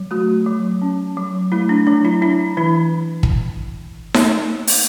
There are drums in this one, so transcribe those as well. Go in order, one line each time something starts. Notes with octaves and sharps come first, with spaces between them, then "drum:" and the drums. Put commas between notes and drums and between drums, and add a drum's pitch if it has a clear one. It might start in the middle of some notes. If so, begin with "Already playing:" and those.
Already playing: F#3
A3 F#4
F#3
C#4
F#3
A3 E4
D4
F#3 D4
E4
D4 E4
E3 E4
drum: kick
drum: snare D#4
drum: open hi-hat